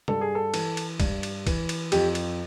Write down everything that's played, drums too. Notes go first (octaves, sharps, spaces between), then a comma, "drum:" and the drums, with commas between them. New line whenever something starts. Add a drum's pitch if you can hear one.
G2 A4, drum: tom C3
G#4
A4
E3, drum: cymbal
drum: cymbal
G2, drum: kick, cymbal
drum: cymbal
E3, drum: kick, cymbal
drum: cymbal
F2 G4, drum: cymbal
drum: cymbal